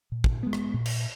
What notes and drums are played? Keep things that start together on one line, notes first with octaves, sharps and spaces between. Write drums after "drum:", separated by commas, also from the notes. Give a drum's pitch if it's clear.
A#2
drum: kick
G#3 B3
drum: rim click
A#2
drum: cymbal